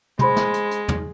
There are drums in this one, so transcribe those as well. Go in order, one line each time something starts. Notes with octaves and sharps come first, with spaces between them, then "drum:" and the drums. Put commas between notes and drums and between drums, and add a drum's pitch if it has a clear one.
G#3 C5 B5 C6, drum: tom
drum: snare
drum: hi-hat
drum: hi-hat
drum: tom